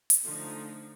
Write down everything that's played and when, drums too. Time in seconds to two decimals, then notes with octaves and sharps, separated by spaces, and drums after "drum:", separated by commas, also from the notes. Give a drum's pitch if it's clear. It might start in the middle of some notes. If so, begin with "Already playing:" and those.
0.10 drum: hi-hat
0.24 D3 F3 A3 D#4